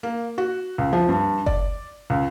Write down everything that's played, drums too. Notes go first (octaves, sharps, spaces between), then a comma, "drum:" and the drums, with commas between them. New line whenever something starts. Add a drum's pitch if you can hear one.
A#3
F#4
C#2
F3
G2
D5, drum: kick F#1
C#2